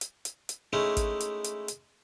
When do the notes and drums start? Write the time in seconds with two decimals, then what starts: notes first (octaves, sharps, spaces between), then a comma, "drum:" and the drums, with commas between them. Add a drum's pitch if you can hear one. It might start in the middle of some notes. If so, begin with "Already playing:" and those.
0.01 drum: hi-hat
0.25 drum: hi-hat
0.49 drum: hi-hat
0.73 G#3 A3 C#4 D#4 E4
0.97 drum: kick, hi-hat
1.20 drum: hi-hat
1.44 drum: hi-hat
1.68 drum: hi-hat